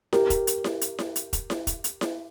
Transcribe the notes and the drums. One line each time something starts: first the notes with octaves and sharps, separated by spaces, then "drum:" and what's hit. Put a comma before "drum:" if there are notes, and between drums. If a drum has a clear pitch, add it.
G4 A#4, drum: snare E4
drum: kick E1, hi-hat
drum: hi-hat
drum: snare E4
drum: hi-hat
drum: snare E4
drum: hi-hat
drum: kick E1, hi-hat
drum: snare E4
drum: kick E1, hi-hat
drum: hi-hat
drum: snare E4